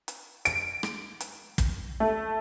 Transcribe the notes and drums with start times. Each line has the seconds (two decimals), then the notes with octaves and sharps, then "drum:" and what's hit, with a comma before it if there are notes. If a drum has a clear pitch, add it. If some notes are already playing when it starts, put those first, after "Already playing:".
0.08 drum: hi-hat
0.45 D7, drum: hi-hat
0.83 drum: rim click
1.20 drum: hi-hat
1.58 drum: kick, hi-hat
2.00 A3